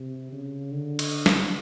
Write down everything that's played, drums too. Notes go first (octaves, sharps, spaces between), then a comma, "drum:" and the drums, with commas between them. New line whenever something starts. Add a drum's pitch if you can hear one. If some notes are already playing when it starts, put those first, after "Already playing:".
Already playing: C3
C#3
D3
drum: cymbal
drum: snare